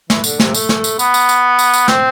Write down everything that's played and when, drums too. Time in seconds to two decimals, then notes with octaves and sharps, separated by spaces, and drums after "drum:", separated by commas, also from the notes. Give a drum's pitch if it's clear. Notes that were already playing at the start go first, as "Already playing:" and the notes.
0.10 E3, drum: snare
0.24 D3, drum: tambourine
0.39 C3, drum: snare
0.54 A3, drum: tambourine
0.69 drum: snare
0.84 drum: tambourine
0.99 B3, drum: tambourine
1.14 drum: tambourine
1.29 drum: tambourine
1.59 drum: tambourine
1.74 drum: tambourine
1.88 C4, drum: snare